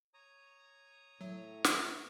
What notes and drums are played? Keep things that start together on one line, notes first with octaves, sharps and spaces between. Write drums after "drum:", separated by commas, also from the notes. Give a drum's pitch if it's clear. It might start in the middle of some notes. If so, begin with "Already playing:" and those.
C#5 A#5 D#6
A2 F#3 E5
drum: snare